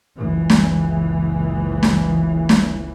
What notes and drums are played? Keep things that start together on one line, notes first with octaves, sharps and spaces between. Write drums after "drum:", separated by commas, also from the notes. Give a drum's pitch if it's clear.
F#1 C#2 C#3 E3
drum: snare
drum: snare
drum: snare